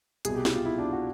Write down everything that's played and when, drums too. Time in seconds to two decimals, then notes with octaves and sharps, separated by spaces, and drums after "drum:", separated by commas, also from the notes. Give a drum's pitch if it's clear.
0.25 C2 B2 G#4, drum: hi-hat
0.35 G4
0.45 G4, drum: snare
0.55 F4
0.65 E4
0.78 D4
0.92 F#4